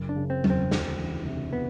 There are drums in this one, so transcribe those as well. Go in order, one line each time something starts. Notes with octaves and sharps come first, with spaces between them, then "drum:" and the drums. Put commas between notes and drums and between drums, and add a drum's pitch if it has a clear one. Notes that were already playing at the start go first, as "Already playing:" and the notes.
Already playing: F#1
D4
C#3
C4
E2, drum: tom F#3
C4
D2, drum: snare
E3
C3
B3